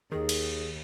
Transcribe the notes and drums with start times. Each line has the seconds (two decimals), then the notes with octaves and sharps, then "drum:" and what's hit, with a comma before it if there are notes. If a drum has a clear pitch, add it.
0.12 D#2 D#3 G#4
0.29 drum: cymbal